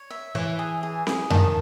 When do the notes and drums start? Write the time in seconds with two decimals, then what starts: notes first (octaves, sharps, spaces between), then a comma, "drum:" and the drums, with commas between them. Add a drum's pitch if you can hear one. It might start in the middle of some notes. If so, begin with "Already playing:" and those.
Already playing: C#5
0.10 E5
0.35 E3 E5
0.59 G#4
0.83 G#4
1.07 G#4, drum: snare C4
1.30 D#3 A5, drum: tom F2